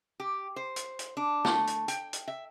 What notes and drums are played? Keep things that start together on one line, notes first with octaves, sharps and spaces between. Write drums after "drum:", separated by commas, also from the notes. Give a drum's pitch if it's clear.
G4
C5
drum: hi-hat
drum: hi-hat
D4
A3, drum: snare
drum: hi-hat
G5, drum: hi-hat
drum: hi-hat
E5